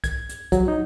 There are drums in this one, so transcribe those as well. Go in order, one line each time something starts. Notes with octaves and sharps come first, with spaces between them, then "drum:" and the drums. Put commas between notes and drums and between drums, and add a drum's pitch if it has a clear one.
G#6, drum: kick C2, hi-hat
drum: hi-hat
F#3, drum: kick C2, hi-hat
D#4